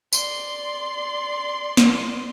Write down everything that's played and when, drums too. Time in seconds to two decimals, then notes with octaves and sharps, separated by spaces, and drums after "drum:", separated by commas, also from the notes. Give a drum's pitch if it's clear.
0.13 D5 C6, drum: tambourine
1.77 drum: snare